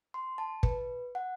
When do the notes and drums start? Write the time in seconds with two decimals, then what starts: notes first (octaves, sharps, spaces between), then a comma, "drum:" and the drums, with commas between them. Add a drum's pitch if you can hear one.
0.14 C6
0.38 A5
0.63 B4, drum: kick
1.15 F#5